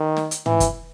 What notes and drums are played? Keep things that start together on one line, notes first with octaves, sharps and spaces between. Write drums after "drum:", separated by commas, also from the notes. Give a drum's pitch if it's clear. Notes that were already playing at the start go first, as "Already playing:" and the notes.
Already playing: D#3
drum: snare
drum: hi-hat
E3, drum: tom
drum: kick, hi-hat